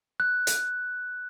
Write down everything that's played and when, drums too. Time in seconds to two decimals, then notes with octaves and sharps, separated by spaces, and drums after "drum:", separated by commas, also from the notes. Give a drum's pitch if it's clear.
0.20 F#6
0.47 drum: hi-hat